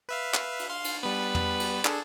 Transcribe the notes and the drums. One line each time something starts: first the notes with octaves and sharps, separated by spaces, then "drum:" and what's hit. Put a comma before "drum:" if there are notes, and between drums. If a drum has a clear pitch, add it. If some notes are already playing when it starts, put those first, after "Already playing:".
B4 E5 F5
drum: clap
drum: cymbal
F5 C6
drum: cymbal
G3 B3 B4
drum: tom
drum: cymbal
D4 G#4 A4, drum: clap